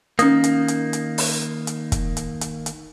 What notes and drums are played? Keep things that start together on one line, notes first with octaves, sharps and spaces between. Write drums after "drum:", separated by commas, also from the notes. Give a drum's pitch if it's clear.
D#3 A#3 C#4 D#6, drum: hi-hat
drum: hi-hat
drum: hi-hat
drum: hi-hat
drum: open hi-hat
drum: hi-hat
drum: kick, hi-hat
drum: hi-hat
drum: hi-hat
drum: hi-hat